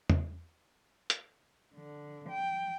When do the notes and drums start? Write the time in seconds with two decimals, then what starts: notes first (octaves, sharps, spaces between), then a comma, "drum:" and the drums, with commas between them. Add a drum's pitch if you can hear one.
0.10 drum: tom
1.10 drum: hi-hat
1.76 D3
2.29 G5